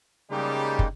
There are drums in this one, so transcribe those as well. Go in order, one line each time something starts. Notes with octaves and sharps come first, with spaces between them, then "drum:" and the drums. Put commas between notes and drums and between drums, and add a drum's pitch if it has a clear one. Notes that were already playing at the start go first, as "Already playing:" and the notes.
C#3 G3 G#3 A#3 D#4 G4
drum: kick